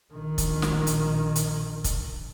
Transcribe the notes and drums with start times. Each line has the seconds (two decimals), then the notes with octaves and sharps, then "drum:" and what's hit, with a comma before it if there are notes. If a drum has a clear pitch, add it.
0.13 A#1 D#3
0.38 drum: kick, hi-hat
0.62 drum: snare
0.87 drum: hi-hat
1.36 drum: hi-hat
1.84 drum: kick, hi-hat